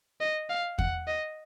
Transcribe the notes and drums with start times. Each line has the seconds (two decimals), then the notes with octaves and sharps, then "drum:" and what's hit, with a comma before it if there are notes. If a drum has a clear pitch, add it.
0.21 D#5
0.50 F5
0.79 F#5, drum: kick E2
1.07 D#5